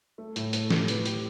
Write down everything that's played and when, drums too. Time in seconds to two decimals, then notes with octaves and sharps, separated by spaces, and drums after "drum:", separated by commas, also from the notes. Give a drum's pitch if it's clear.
0.18 A3
0.36 A2, drum: hi-hat
0.53 A3, drum: hi-hat
0.70 G4, drum: snare
0.88 B4, drum: hi-hat
1.06 G4, drum: hi-hat